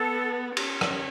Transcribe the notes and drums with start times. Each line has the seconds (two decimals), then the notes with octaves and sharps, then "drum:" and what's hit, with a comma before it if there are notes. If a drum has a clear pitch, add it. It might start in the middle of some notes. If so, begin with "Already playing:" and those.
Already playing: B3 A4
0.57 C#4, drum: cymbal
0.81 drum: rim click